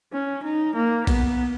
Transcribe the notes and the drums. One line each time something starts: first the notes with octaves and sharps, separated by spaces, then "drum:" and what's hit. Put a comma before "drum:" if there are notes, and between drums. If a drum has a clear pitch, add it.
C#4
D#4
A#3
B3, drum: kick B1, cymbal